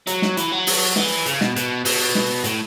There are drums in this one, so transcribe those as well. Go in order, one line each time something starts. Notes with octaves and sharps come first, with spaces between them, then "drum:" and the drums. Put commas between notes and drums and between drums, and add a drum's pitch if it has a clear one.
F#3, drum: hi-hat
drum: snare
E3, drum: hi-hat
F#3
drum: open hi-hat
E3, drum: snare
C#3, drum: hi-hat
B2, drum: snare
B2, drum: hi-hat
B2, drum: open hi-hat
drum: snare
A2, drum: hi-hat